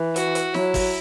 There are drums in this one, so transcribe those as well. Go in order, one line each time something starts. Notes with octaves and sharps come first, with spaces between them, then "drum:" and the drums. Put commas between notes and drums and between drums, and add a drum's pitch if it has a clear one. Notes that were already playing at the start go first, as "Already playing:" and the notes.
Already playing: E3
F#4, drum: hi-hat
drum: hi-hat
F#3 E4, drum: snare
drum: kick, open hi-hat